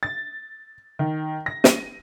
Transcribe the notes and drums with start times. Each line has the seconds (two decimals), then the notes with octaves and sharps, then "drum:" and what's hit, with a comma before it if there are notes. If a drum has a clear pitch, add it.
0.03 A6
0.99 D#3
1.46 A#6
1.64 D#7, drum: snare